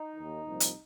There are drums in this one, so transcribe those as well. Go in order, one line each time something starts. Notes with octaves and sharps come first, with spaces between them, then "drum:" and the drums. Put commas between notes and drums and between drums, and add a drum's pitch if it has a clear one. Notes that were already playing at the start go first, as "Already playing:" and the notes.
Already playing: D#4
D#2 D#3
C2 A#2 F3
drum: hi-hat